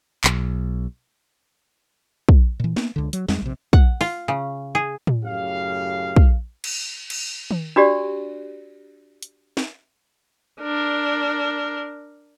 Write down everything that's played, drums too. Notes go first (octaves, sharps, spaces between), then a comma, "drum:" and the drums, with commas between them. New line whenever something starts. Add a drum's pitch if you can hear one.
B1, drum: clap
drum: kick
A#2 E3
A#3 B3, drum: snare
C#2 D3
F#3, drum: hi-hat
F2 G3 G#3, drum: snare
A#1 C3
F#5, drum: kick
F4, drum: open hi-hat
C#3
G#4
drum: tom A2
F#2 A2 C#3 G4 F5
drum: kick
drum: cymbal
drum: cymbal
drum: tom D#3
D4 F#4 G4 D5
drum: hi-hat
drum: snare
D4 A#4